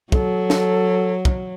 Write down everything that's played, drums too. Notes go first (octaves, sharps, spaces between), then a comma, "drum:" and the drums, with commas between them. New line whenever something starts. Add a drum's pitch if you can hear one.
F#3 A4, drum: kick
drum: snare
drum: kick